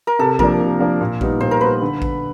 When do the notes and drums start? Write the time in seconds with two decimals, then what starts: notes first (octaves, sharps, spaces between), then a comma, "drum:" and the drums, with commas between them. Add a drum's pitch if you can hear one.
0.07 A#4
0.19 C3 A4
0.39 F3 A#3 D4 A#4, drum: kick A1
0.60 C3
0.80 F3 A#3 D4
1.01 A#2
1.21 G3 B3 D#4, drum: kick A1
1.41 A#2 C5
1.51 A#4
1.61 G3 B3 D#4 B4
1.81 D3
2.02 drum: kick A1